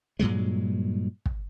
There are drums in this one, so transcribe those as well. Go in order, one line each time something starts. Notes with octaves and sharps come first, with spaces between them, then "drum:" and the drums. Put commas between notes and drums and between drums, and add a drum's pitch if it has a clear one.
G2 A#2 F#3 G#3
drum: kick